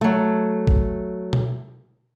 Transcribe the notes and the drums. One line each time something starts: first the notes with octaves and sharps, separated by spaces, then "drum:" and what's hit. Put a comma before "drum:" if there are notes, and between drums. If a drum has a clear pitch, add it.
F#3 A3
drum: kick G#1
drum: tom B2